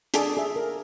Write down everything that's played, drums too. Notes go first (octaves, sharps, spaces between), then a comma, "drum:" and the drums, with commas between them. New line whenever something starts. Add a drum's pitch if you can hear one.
D4 G#4 A4 A5 D6, drum: hi-hat
G#4 E5
A#4